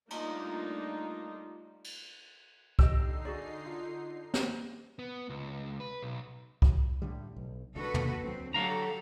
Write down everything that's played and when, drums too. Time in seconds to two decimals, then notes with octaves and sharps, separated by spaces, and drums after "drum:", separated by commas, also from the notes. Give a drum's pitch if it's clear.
0.10 G3 A3 A#3 D4 D#4 F4, drum: cymbal
1.84 drum: cymbal
2.79 D3 D#4 G4 D#5 E6 C7, drum: kick C2
3.25 F#4 G#4 D5
3.66 F4
4.34 drum: snare
4.99 B3
5.30 C#2
5.80 B4
6.02 B1
6.62 drum: kick C2
7.02 A2 D3 G3
7.36 B1
7.76 C2 D3 F#4 A4 B4
7.94 drum: tom
8.23 D2 F#3 C4
8.54 D3 F#3 F#4 G4 A4 F5 A#5